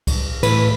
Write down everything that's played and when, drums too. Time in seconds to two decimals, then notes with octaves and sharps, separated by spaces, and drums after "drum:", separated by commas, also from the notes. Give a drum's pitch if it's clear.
0.07 drum: kick C#2, cymbal
0.43 A2 E3 B4, drum: cymbal